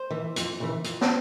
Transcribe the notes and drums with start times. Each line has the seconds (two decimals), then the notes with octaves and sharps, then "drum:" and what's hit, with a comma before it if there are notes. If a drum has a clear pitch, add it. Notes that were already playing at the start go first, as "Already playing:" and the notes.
Already playing: C5
0.11 E3
0.36 F2, drum: hi-hat
0.60 C#3 E3
0.84 F2, drum: hi-hat
1.01 drum: snare